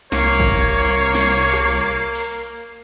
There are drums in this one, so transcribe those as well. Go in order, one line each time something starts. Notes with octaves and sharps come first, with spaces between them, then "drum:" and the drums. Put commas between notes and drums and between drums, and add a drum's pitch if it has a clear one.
C2 A#3 C#5, drum: snare
drum: kick
drum: snare
drum: rim click
drum: open hi-hat